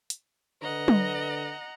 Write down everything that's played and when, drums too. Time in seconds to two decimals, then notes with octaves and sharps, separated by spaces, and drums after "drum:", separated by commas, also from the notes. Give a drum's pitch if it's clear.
0.10 drum: hi-hat
0.62 D3 B4 D#5 F#5 A#5
0.88 drum: tom